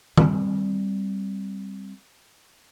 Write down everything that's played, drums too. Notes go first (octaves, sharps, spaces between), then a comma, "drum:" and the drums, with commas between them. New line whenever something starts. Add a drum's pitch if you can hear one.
G3 C4, drum: tom